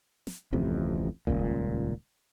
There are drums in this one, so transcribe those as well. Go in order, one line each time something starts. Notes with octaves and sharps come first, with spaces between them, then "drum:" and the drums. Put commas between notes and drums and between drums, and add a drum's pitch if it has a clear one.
drum: snare
D1 A1 F2 C3
D#1 G#1 C#2 A#2, drum: kick F1